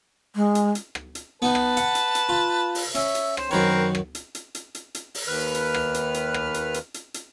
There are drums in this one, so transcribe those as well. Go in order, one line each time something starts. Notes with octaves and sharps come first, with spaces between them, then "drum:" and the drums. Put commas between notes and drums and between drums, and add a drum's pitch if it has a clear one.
G#3
drum: hi-hat
drum: hi-hat
drum: rim click
drum: hi-hat
B3 D#4 B4 A5
drum: rim click
F#5, drum: hi-hat
drum: hi-hat
drum: hi-hat
F4
drum: open hi-hat
C#4 E5, drum: hi-hat
drum: hi-hat
C5, drum: rim click
F#2 D#3 C4 A#4 B4 C#5
drum: rim click
drum: hi-hat
drum: hi-hat
drum: hi-hat
drum: hi-hat
drum: hi-hat
drum: open hi-hat
D#2 D#3 B4 F6
drum: hi-hat
drum: rim click
drum: hi-hat
drum: hi-hat
drum: rim click
drum: hi-hat
drum: hi-hat
drum: hi-hat
drum: hi-hat